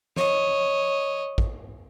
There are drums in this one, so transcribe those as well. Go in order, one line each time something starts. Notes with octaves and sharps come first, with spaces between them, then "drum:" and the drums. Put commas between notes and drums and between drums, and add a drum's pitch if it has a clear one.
C#5 D#5, drum: snare
drum: kick